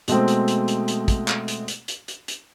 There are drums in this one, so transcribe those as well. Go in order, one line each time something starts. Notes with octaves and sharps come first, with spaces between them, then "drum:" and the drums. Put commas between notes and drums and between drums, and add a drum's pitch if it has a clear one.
B2 G#3 A3 C4, drum: hi-hat
drum: hi-hat
drum: hi-hat
drum: hi-hat
drum: hi-hat
drum: kick, hi-hat
drum: clap
drum: hi-hat
drum: hi-hat
drum: hi-hat
drum: hi-hat
drum: hi-hat